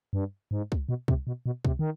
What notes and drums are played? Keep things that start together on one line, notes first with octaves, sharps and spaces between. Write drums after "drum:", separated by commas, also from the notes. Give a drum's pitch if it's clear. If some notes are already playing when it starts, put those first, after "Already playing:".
G2
G#2
drum: kick
B2
C3, drum: kick
B2
B2
C3, drum: kick
D#3